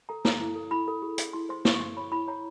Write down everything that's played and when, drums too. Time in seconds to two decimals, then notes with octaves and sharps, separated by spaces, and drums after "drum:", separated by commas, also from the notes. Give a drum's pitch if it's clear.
0.09 A4 A#5
0.25 A4 A#5, drum: snare
0.41 E4
0.55 A4
0.71 E4 B5
0.88 A4
1.02 G#4
1.18 G#4, drum: hi-hat
1.33 E4 C6
1.49 C5 C6
1.65 E4 C#6, drum: snare
1.75 C#6
1.80 A4 C6
1.97 C#5 B5
2.12 E4 B5
2.28 C#5 A#5